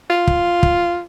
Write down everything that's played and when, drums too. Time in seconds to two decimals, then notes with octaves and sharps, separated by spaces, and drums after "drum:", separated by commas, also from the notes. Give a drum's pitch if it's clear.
0.10 F4
0.27 drum: kick
0.63 drum: kick